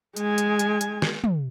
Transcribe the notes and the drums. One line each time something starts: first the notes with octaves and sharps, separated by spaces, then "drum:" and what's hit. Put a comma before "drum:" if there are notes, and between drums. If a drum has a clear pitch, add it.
G#3 G#5, drum: hi-hat
drum: hi-hat
drum: hi-hat
drum: hi-hat
drum: snare
drum: tom